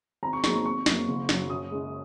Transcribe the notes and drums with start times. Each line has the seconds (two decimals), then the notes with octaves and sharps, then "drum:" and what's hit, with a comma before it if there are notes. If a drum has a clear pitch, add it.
0.23 G#1 A#5
0.33 C#6
0.44 G#2 F#3 A#3 C#6, drum: snare
0.55 C#6
0.65 G#1 C#6
0.86 F#2 F#3 A#3, drum: snare
1.08 F#1
1.29 F#2 F#3, drum: snare
1.50 F#2 D#6
1.71 C#3 G#3